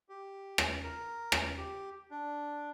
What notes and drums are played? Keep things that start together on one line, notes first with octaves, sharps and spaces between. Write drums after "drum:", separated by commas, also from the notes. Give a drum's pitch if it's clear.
G4
drum: rim click
A#4
drum: rim click
G4
D4